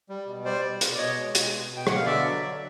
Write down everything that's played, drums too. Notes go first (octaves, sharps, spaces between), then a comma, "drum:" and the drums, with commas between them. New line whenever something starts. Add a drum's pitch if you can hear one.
G3
B2
G3 C5 D5
B2
B2, drum: hi-hat
D5
B2 C#5 D#5
G#3
B2, drum: hi-hat
B2
B2
G5
B2 F#5, drum: rim click
F5
D3 D5 E5
F#3
D3